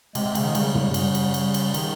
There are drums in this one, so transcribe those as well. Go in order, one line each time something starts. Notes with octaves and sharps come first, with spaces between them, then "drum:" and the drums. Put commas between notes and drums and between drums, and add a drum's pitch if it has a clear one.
C3 G#3, drum: cymbal
C3
C#3, drum: cymbal
D#3
C#3 G3, drum: cymbal
drum: tom
G3, drum: cymbal
drum: cymbal
G3, drum: cymbal
drum: cymbal
D#3, drum: cymbal